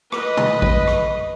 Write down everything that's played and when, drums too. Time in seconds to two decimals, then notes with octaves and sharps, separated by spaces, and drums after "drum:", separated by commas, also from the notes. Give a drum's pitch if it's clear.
0.12 B4 D#5, drum: rim click
0.37 drum: tom A#2
0.62 drum: kick A1
0.87 drum: rim click